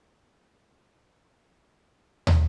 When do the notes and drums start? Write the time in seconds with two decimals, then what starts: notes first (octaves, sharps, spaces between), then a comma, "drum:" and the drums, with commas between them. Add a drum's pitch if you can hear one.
0.19 C4 G#4 A4 C5
2.27 drum: tom